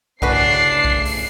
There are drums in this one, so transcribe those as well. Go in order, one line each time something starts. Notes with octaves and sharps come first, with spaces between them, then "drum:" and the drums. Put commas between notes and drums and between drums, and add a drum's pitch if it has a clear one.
G1 A2 C#3 C#4 D4 F#4 B4 C7, drum: kick B1
drum: kick B1
drum: open hi-hat